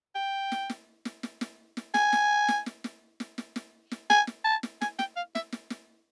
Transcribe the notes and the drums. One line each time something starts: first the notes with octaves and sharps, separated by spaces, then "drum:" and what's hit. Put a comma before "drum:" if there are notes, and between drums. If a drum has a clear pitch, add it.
G5
drum: snare
drum: snare
drum: snare
drum: snare
drum: snare
drum: snare
G#5, drum: snare
drum: snare
drum: snare
drum: snare
drum: snare
drum: snare
drum: snare
drum: snare
drum: snare
G#5, drum: snare
drum: snare
A5
drum: snare
G#5, drum: snare
G5, drum: snare
F5
E5, drum: snare
drum: snare
drum: snare